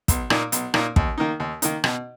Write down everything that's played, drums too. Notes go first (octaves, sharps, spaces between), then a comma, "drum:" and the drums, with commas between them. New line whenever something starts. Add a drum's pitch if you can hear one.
B1, drum: kick, hi-hat
A#2 A#3 D#4, drum: rim click
B1, drum: hi-hat
A#2 A#3 D#4, drum: rim click
D#2, drum: kick
D#3 A#3 D#4
D#2
D#3 A#3 D#4, drum: hi-hat
B2, drum: rim click